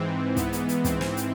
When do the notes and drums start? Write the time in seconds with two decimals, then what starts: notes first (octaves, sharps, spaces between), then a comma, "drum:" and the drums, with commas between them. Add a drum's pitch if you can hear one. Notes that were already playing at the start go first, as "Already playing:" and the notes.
Already playing: G#2 E3 C4
0.37 B3, drum: kick, hi-hat
0.53 drum: hi-hat
0.69 drum: hi-hat
0.84 C4, drum: kick, hi-hat
1.01 drum: snare
1.17 drum: hi-hat